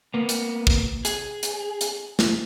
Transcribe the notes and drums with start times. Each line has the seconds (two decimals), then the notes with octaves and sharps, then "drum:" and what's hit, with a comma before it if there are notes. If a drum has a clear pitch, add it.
0.14 A#3 B3
0.29 drum: hi-hat
0.67 drum: kick
1.05 G#4, drum: hi-hat
1.43 drum: hi-hat
1.81 drum: hi-hat
2.19 drum: snare